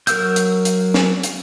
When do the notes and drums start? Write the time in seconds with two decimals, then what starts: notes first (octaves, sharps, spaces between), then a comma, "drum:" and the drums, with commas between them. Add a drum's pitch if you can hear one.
0.07 F#3 A#4 E6 G6, drum: hi-hat
0.36 drum: hi-hat
0.65 drum: hi-hat
0.94 drum: snare
1.23 drum: hi-hat